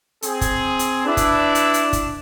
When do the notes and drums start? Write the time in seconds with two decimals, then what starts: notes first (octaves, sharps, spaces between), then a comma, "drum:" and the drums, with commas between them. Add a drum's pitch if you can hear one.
0.22 C4 G#4, drum: hi-hat
0.41 drum: kick, hi-hat
0.79 drum: hi-hat
1.06 D4 E4 B4
1.17 drum: kick, hi-hat
1.55 drum: hi-hat
1.74 drum: hi-hat
1.93 drum: kick, hi-hat